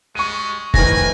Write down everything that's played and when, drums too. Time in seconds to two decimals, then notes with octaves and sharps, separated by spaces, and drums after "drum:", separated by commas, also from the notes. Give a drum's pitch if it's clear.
0.15 G3 G#3 C#6 D#7
0.74 F1 D#3 E3 B4 G#5 A#6, drum: kick F#1